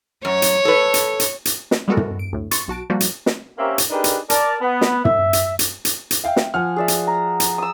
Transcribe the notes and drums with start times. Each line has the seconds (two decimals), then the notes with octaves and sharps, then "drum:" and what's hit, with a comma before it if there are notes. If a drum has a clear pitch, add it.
0.25 F#2 C#5
0.42 drum: hi-hat
0.65 A4 B4
0.94 drum: hi-hat
1.20 drum: hi-hat
1.45 drum: hi-hat
1.71 drum: snare
1.88 G3 G#3 B3 F#4 A4 A#4
1.97 drum: tom
2.19 D7
2.33 D2 A2
2.51 C6 C#6 A6 C#7, drum: hi-hat
2.68 B1 F#4 A5 D7
2.90 F3 G3 A#3 F#4
3.00 drum: hi-hat
3.26 drum: snare
3.58 A#3 C4 C#4 G4 A#4 E5
3.78 drum: hi-hat
3.90 D4 D#4 G4 G#4 A#4 B4
4.04 drum: hi-hat
4.30 A#4 D5 A5, drum: hi-hat
4.61 B3
4.81 drum: snare
5.05 E5, drum: tom
5.33 drum: hi-hat
5.59 drum: hi-hat
5.85 drum: hi-hat
6.11 drum: hi-hat
6.24 E5 F5 G5
6.36 drum: snare
6.54 F3 F#5 G#5 F6
6.76 G#4 D5 E5
6.88 drum: hi-hat
7.07 A#5
7.40 drum: hi-hat
7.58 D#6 E6